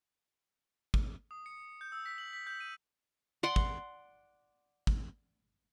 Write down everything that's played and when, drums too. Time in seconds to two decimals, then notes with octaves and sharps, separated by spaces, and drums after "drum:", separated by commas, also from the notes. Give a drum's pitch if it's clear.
0.94 drum: kick
1.31 D#6
1.46 C#7
1.60 C#7
1.81 G6
1.92 E6
2.06 B6
2.18 F#7
2.33 B6
2.47 G6
2.60 D#7
3.43 D5 F#5 C6
3.56 drum: kick
4.87 drum: kick